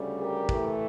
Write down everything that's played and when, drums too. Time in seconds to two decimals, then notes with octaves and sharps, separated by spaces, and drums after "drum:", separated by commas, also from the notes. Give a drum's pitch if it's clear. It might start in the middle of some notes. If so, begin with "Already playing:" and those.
Already playing: D2 C#3 G3
0.20 G4 A#4
0.49 A2 E3 A3, drum: kick